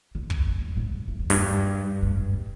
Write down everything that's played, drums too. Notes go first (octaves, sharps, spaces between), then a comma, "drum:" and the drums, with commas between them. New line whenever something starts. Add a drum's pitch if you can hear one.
D3
drum: kick
G2
E2
A2
G2
E2
E2
G2, drum: open hi-hat
G2
A2
A2